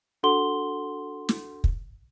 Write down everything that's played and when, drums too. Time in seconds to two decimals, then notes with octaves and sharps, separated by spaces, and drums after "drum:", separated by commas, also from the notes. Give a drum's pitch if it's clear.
0.23 D4 F#4 A4 F#5 C6 G7
1.29 drum: snare
1.64 drum: kick